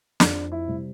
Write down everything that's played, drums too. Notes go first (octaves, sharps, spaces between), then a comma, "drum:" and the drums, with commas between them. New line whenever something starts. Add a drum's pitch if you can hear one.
F2 D4, drum: snare
E4
C3 G3